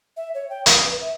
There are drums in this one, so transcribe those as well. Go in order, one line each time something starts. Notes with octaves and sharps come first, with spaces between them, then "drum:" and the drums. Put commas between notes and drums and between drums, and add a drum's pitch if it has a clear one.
E5
C#5
G5
D#6, drum: hi-hat
B4
E5